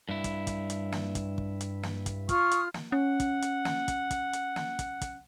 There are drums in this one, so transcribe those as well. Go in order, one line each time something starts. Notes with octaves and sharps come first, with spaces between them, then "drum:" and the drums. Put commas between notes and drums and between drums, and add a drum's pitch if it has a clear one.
G2 E4
drum: kick, hi-hat
drum: kick, hi-hat
drum: hi-hat
drum: snare
drum: kick, hi-hat
drum: kick
drum: hi-hat
drum: snare
drum: kick, hi-hat
F4 C#6 D#6 F6, drum: kick, hi-hat
drum: hi-hat
drum: snare
C#4 F#5
drum: kick, hi-hat
drum: hi-hat
drum: snare
drum: kick, hi-hat
drum: kick, hi-hat
drum: hi-hat
drum: snare
drum: kick, hi-hat
drum: kick, hi-hat